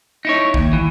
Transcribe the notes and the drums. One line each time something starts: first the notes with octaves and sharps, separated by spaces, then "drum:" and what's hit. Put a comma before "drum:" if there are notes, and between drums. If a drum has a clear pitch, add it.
D#4 E4 C#5
D#2, drum: kick
E3